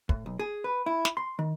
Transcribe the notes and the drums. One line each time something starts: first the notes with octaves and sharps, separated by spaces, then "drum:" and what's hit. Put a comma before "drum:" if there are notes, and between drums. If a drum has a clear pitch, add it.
A2, drum: kick
B1
G#4
B4
E4
drum: snare
C6
D#3